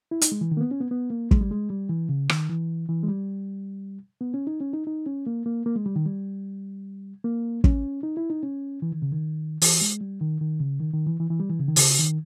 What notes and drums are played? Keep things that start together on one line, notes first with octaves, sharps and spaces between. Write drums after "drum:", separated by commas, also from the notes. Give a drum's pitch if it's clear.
E4
D#4, drum: hi-hat
G#3
E3
D#3
A#3
B3
C#4
B3
B3
A#3
G#3, drum: kick
G3
G#3
G3
E3
C#3
D#3, drum: rim click
E3
E3
G#3
G3
B3
C#4
D#4
C#4
D#4
D#4
C#4
A#3
A#3
A#3
G#3
G3
D#3
G3
A#3
C#4, drum: kick
D#4
E4
D#4
C#4
E3
D#3
C#3
D#3
E3, drum: open hi-hat
G#3
G3
D#3
D#3
C#3
D#3
D#3
E3
E3
E3
G3
E3
C#3
D#3
C#3, drum: open hi-hat
D#3